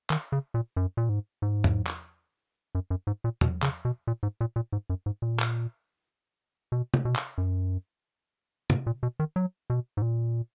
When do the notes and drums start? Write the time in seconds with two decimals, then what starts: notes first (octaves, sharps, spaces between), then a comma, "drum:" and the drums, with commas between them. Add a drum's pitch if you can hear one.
0.10 D#3, drum: clap
0.32 C#3
0.54 A#2
0.77 F#2
0.97 A#2
1.09 G#2
1.42 G#2
1.64 drum: tom E2
1.86 drum: clap
2.75 F#2
2.90 F#2
3.07 G#2
3.24 A#2
3.41 B2, drum: tom E2
3.62 C#3, drum: clap
3.85 B2
4.07 A#2
4.23 G#2
4.41 A#2
4.56 A#2
4.73 G#2
4.90 F#2
5.06 G#2
5.22 A#2
5.39 drum: clap
6.72 B2
6.94 drum: tom
7.05 B2
7.16 drum: clap
7.38 F#2
8.70 G#2, drum: tom
8.87 A#2
9.03 B2
9.20 D#3
9.36 F#3
9.70 B2
9.97 G#2
10.02 A#2